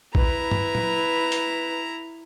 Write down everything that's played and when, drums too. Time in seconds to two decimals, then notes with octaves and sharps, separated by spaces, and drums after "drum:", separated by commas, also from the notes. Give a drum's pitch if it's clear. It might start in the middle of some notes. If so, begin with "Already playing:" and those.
0.15 E4 B4 A#5, drum: kick
0.51 drum: tom G2
0.75 drum: tom
1.32 drum: hi-hat